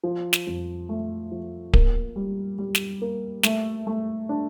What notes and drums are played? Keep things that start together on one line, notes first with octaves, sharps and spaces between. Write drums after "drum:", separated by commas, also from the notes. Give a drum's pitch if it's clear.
F3
drum: snare
F2
A3
F3
A#3, drum: kick D1
G3
G3
drum: snare
A#3
A3, drum: snare
A3
D4